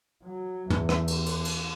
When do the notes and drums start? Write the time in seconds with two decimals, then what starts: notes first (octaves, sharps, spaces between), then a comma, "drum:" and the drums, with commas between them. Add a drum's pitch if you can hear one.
0.24 F#3
0.70 E2, drum: tom
0.89 drum: rim click
1.08 drum: cymbal
1.26 drum: cymbal
1.45 drum: cymbal